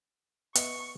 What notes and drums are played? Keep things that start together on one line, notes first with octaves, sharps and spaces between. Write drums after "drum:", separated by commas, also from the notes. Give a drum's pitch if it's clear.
B3 D#5 E5 C#6, drum: hi-hat